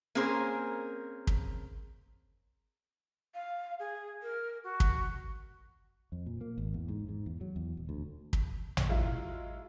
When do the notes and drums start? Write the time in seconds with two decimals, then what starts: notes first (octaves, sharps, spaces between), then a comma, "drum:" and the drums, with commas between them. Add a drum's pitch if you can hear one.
0.15 A#3 C4 C#4 G#4 A#4 C5
1.27 drum: kick
3.34 F5
3.79 G#4
4.22 A#4
4.64 F#4
4.80 drum: kick
6.12 F2
6.26 A#2
6.41 A#3
6.58 G#1
6.74 E2
6.88 G#2
7.09 G#2
7.26 E2
7.41 F#3
7.56 E2
7.77 D#1
7.89 D2
8.33 drum: kick
8.77 drum: tom A1
8.89 F#3 G#3 E4 F4